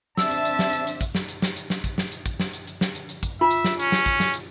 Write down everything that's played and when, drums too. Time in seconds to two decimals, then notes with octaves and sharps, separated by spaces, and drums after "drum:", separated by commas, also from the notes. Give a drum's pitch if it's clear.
0.17 C4 D4 E5 A5 E6, drum: snare
0.31 drum: hi-hat
0.45 drum: hi-hat
0.59 drum: snare
0.73 drum: hi-hat
0.87 drum: hi-hat
1.01 drum: kick, hi-hat
1.15 drum: snare
1.28 drum: hi-hat
1.42 drum: snare
1.56 drum: hi-hat
1.70 drum: snare
1.84 drum: kick, hi-hat
1.98 drum: snare
2.12 drum: hi-hat
2.26 drum: kick, hi-hat
2.40 drum: snare
2.53 drum: hi-hat
2.67 drum: hi-hat
2.81 drum: snare
2.95 drum: hi-hat
3.09 drum: hi-hat
3.23 drum: kick, hi-hat
3.41 F4 E5
3.51 drum: hi-hat
3.64 drum: snare
3.79 C#4, drum: hi-hat
3.92 drum: snare
4.06 drum: kick, hi-hat
4.20 drum: snare
4.34 drum: hi-hat